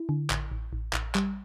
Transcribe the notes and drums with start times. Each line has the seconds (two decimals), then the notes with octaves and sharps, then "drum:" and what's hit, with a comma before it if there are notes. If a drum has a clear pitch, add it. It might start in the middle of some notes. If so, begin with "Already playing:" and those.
Already playing: E4
0.09 D3
0.30 A1, drum: clap
0.52 A1
0.73 A1
0.93 A1, drum: clap
1.15 G3, drum: clap